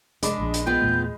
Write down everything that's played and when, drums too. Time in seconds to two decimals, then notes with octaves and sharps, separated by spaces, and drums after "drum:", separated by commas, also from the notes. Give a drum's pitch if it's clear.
0.23 F1 G#3 D4 B5, drum: hi-hat
0.40 A#1 A#2 F3
0.54 drum: hi-hat
0.67 B3 F4 G5 G6
0.82 E2 A#2 A3